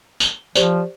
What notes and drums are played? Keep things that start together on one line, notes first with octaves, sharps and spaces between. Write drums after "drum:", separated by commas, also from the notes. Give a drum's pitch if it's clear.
drum: tambourine
F3 G4 C5 D5, drum: tambourine